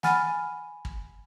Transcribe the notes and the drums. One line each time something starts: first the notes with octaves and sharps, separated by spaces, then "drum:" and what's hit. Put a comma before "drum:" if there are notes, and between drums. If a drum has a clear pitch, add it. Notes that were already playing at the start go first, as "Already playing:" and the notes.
F#5 G#5 B5 F6 A6 D#7, drum: snare
drum: kick